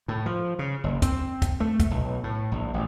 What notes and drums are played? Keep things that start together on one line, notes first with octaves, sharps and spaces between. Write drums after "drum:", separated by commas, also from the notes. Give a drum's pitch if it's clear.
A2
F3
C#3
F#1
C4, drum: kick, hi-hat
drum: kick, hi-hat
A3
drum: kick, hi-hat
B1
A2
A#1
A1